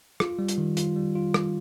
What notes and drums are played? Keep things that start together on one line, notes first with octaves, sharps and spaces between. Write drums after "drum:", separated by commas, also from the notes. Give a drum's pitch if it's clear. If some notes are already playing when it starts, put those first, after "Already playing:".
F4, drum: rim click
G3
drum: hi-hat
D#3
F4, drum: hi-hat
G3
F4
G3, drum: rim click